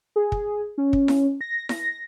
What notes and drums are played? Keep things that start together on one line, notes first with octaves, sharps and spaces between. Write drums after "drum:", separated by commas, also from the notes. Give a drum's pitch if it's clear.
G#4
drum: kick
C#4
drum: kick
drum: snare E4
A#6
drum: snare E4